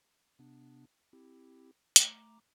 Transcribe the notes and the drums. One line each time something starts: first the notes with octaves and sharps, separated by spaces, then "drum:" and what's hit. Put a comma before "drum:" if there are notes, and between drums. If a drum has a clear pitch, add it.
C3 B3 D4
C4 E4 G4
A3 A#5 D6, drum: hi-hat